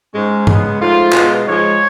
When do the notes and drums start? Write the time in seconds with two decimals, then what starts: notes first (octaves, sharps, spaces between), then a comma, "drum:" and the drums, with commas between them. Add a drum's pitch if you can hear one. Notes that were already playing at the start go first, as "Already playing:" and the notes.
0.13 G#2 G#3 C#4
0.47 C#3 G#3 B3, drum: tom G2
0.80 G#2 F3 A3 F4
1.13 B2 G#3 B3, drum: clap
1.46 G#2 F3 G#3 C#5